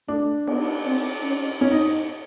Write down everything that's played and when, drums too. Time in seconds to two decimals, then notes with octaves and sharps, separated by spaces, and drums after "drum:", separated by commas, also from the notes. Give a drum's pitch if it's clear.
0.08 A3 D4
0.47 B3, drum: cymbal
0.86 C4
1.24 C#4
1.61 C4 C#4
1.72 D#4